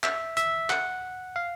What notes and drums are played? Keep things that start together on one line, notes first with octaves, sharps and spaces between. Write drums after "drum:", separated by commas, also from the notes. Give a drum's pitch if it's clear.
E5, drum: clap
E5, drum: hi-hat
F#5, drum: clap
F5